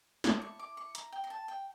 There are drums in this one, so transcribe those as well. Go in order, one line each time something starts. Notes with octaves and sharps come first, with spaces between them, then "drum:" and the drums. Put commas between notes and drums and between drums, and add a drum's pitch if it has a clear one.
E4 A4 D6, drum: snare
C#6
D6
C#6
A#5, drum: hi-hat
G5
A#5
A5
G5